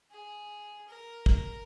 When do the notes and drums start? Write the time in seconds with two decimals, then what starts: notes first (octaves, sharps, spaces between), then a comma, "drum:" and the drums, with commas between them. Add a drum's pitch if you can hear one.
0.11 G#4
0.88 A#4
1.26 drum: kick